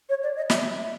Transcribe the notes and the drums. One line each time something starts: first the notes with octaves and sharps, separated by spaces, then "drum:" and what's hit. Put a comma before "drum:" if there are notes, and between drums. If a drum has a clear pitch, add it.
C#5
D5
D#5
E5, drum: snare
E5